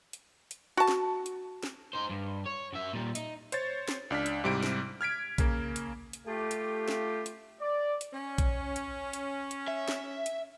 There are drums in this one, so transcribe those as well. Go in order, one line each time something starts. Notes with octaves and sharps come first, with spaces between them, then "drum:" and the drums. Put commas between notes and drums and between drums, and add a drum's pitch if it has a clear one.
drum: hi-hat
drum: hi-hat
F#4 A5
drum: snare
drum: hi-hat
drum: snare
D#4 C5
G2
C#5
F#2 E5
A#2 G3
D#4, drum: hi-hat
C5 C#5 A6, drum: hi-hat
drum: snare
C#2 D4 F6 B6
drum: hi-hat
G#2 C3 G3 E4 D7
drum: snare
F6 G#6 B6 D7
C#3 A#3, drum: kick A#1, hi-hat
drum: hi-hat
drum: hi-hat
A3 F4 G4
drum: hi-hat
drum: snare
drum: hi-hat
D5
drum: hi-hat
C#4
drum: kick A#1, hi-hat
drum: hi-hat
drum: hi-hat
drum: hi-hat
E5
drum: snare
drum: hi-hat